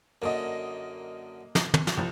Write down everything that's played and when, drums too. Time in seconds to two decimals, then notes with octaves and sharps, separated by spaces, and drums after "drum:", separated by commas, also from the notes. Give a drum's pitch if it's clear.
0.22 F#2 D3 A#3 D#5
1.55 drum: snare
1.74 drum: tom
1.87 drum: snare
1.97 C2 F3